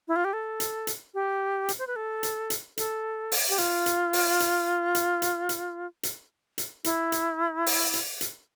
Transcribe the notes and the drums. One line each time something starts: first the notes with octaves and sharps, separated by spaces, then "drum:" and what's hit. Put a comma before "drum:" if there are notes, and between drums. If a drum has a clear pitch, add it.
E4
F4
G4
A4
drum: hi-hat
drum: hi-hat
G4
drum: hi-hat
C5
B4
A4
drum: hi-hat
drum: hi-hat
A4, drum: hi-hat
drum: open hi-hat
G4
F4, drum: hi-hat
drum: hi-hat
drum: open hi-hat
drum: hi-hat
drum: hi-hat
drum: hi-hat
drum: hi-hat
drum: hi-hat
drum: hi-hat
E4, drum: hi-hat
drum: hi-hat
drum: open hi-hat
drum: hi-hat
drum: hi-hat